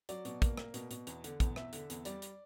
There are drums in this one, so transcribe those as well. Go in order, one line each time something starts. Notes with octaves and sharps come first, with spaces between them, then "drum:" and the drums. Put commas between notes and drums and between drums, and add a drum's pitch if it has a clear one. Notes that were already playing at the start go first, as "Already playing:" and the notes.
F#3 D5, drum: hi-hat
B2, drum: hi-hat
A#3, drum: kick, hi-hat
A#3, drum: rim click
B2, drum: hi-hat
B2, drum: hi-hat
E2, drum: hi-hat
D3, drum: hi-hat
E2, drum: kick, hi-hat
E2 E5, drum: rim click
D3, drum: hi-hat
E2, drum: hi-hat
G3 D5, drum: hi-hat
drum: hi-hat